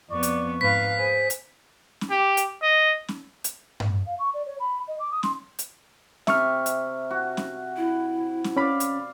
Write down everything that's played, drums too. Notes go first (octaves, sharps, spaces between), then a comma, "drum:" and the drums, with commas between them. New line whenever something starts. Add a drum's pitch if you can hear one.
F2 B3 D5 C#6
drum: hi-hat
G#2 B4 F5 B6
G#4 C5
drum: hi-hat
drum: snare
G4
drum: hi-hat
D#5
drum: snare
drum: hi-hat
drum: tom G2
F5
C#6
D5
C#5
B5
D#5
D6
D#6
C6, drum: snare
drum: hi-hat
C3 E5 C#6 F6, drum: snare
drum: hi-hat
F#4
drum: snare
E4
drum: snare
C#4 D5 F5 B5
drum: hi-hat